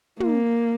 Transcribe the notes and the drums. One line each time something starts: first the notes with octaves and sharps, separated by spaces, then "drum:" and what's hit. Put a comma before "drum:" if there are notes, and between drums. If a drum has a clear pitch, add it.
A#3, drum: tom